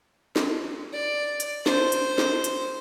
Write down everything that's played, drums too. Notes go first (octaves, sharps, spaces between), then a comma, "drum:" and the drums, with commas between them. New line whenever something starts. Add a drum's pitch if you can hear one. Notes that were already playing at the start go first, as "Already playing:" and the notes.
drum: snare
D5
drum: hi-hat
C5, drum: snare
drum: hi-hat
drum: snare
drum: hi-hat